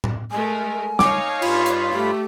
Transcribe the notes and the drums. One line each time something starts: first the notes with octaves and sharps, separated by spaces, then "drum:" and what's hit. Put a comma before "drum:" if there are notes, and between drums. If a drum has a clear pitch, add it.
drum: tom A2
G#3 A3 A#4 G#5
D#4 C#5 F5 D6, drum: snare
G2 F4 B5, drum: cymbal
drum: hi-hat
A3 G4